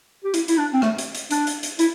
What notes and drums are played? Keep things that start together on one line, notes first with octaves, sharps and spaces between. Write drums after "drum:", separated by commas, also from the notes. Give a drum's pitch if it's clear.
G4
E4, drum: hi-hat
E4, drum: hi-hat
D4
C4
A3, drum: rim click
drum: hi-hat
drum: hi-hat
D4, drum: hi-hat
drum: hi-hat
drum: hi-hat
E4, drum: hi-hat